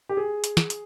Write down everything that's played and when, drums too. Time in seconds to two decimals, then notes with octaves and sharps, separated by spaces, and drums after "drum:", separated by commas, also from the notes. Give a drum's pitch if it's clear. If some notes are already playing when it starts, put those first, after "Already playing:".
0.09 G4
0.17 G#4
0.44 drum: hi-hat
0.57 drum: snare
0.70 drum: hi-hat